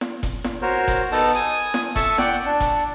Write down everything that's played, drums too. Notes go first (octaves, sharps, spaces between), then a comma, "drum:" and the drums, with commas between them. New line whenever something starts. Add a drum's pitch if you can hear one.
drum: snare
drum: kick F#1, hi-hat
drum: snare
F#4 A#4 C5 C#5
drum: kick F#1, hi-hat
B3 D#4 A4 A5, drum: open hi-hat
G#5 D#6
drum: snare
A4 E5 A5 C#6, drum: kick F#1, hi-hat
D5 F#5 G5, drum: snare
D4
drum: kick F#1, hi-hat